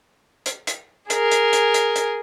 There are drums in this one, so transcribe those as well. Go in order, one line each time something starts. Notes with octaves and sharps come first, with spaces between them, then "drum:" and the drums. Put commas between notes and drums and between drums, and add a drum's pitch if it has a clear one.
drum: hi-hat
drum: hi-hat
G#4 A#4, drum: hi-hat
drum: hi-hat
drum: hi-hat
drum: hi-hat
drum: hi-hat